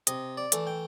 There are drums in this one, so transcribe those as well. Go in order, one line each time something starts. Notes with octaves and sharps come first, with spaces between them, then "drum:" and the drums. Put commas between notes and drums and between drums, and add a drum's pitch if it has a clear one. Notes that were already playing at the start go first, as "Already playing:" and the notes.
C3 D#5, drum: hi-hat
D5
E3 A3, drum: hi-hat
G5